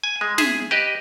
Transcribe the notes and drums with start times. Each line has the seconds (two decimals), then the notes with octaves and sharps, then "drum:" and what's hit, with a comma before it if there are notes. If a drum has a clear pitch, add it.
0.04 G#5
0.21 G#3
0.38 G#4 E5, drum: snare
0.71 G4 B4 D#5